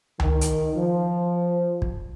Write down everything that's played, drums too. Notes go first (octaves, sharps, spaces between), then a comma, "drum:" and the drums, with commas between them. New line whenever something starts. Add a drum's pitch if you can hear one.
D#3, drum: tom C#2
drum: hi-hat
F3
drum: kick